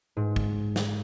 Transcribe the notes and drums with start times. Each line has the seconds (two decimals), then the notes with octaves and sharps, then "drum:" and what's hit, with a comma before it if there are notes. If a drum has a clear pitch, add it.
0.17 G#2
0.36 drum: kick
0.76 drum: snare